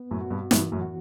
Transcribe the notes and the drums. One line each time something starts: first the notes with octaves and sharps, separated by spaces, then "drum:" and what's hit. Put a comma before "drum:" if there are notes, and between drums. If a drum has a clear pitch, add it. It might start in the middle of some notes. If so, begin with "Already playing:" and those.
Already playing: B3
F#2 A2
F#4
G2 B2
G2 B2 E3, drum: snare
F#2 A2
F#4